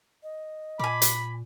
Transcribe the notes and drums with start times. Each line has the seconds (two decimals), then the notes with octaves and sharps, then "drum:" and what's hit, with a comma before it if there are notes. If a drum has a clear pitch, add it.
0.23 D#5
0.79 A#2 G#5 B5 D6
1.02 drum: hi-hat